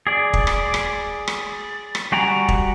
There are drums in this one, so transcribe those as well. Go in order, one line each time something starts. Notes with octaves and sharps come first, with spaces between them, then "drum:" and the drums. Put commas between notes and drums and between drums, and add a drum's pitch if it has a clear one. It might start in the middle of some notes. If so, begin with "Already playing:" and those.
G#4 D5
drum: kick
drum: rim click
drum: rim click
drum: rim click
drum: rim click
G3 F#4 G5 G#5 A#5
drum: kick